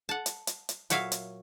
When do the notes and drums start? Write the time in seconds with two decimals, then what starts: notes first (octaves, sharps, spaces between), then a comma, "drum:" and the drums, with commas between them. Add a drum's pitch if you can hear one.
0.09 F#5 A5
0.26 drum: hi-hat
0.47 drum: hi-hat
0.69 drum: hi-hat
0.90 A#2 F#3 C#5 E5 F5, drum: hi-hat
1.12 drum: hi-hat